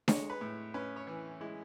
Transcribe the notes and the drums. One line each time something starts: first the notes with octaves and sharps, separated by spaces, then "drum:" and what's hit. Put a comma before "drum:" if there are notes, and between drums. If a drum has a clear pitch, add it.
G#3 C#5, drum: snare D4
B4
A2
C#4 B4
C#5
E3
G#3 E4